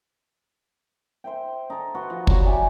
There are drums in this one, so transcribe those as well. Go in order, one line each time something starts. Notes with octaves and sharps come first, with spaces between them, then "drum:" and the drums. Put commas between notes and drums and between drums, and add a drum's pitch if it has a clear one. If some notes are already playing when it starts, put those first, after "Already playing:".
C5 E5 G5
D#4 A4
F#4 B4 C6
F3
F#3 G3 F#4, drum: kick
G4 D5 E5 G#5